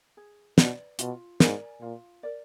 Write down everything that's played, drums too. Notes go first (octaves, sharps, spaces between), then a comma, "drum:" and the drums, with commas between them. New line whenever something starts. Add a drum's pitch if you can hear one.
G#4
B2 B4 D5, drum: snare
B2 F4, drum: hi-hat
G#2 A#4 D5 G#5, drum: snare
A#2 F4
A#4 D5